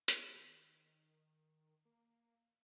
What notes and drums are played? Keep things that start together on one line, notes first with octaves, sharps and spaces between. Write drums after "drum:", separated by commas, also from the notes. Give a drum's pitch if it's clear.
A#3, drum: hi-hat
D#3
A#3